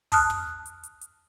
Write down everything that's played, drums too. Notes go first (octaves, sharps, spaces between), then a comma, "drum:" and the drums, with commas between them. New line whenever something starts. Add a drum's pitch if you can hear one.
A5 D#6 F6 F#6, drum: kick, open hi-hat
drum: tom
drum: hi-hat
drum: hi-hat
drum: hi-hat